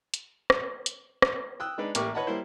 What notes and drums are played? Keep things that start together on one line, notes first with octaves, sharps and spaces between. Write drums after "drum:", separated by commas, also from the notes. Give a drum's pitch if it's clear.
drum: hi-hat
drum: rim click
drum: hi-hat
drum: rim click
G5 D#6 E6 F#6
G#3 D4 D#4 B4 D5
A1 A#3 G4 C#6 D6, drum: hi-hat
B4 C#5 D#5 F#5 A5 B5
G3 A#3 E4 C5